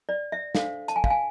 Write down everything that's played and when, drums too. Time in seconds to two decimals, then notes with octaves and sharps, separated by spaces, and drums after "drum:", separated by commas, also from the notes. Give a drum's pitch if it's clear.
0.09 D5
0.32 E5
0.55 D4 A4 C5 F5, drum: snare
0.88 A5, drum: hi-hat
0.96 G#5
1.04 F5, drum: kick
1.10 G#5